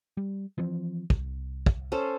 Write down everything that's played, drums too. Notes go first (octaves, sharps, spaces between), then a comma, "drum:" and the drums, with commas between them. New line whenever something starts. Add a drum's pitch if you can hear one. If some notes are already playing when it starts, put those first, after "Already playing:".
G3
E3 F3 C4
C2, drum: kick
drum: kick
C#4 A4 C5